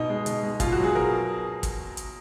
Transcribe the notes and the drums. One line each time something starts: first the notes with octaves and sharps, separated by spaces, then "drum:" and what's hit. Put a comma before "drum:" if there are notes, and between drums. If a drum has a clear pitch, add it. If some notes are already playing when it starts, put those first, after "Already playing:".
Already playing: B2 D#4
G#3
B2, drum: hi-hat
G#3
B2 F4, drum: kick, hi-hat
F#3 F#4
G#4
B2 A#4
drum: kick, hi-hat
drum: hi-hat